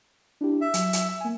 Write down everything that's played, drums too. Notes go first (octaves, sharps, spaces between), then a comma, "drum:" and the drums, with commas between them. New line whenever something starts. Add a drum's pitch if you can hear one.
D4 E4 G4
E5
F#3, drum: hi-hat
drum: hi-hat
A#3 G#5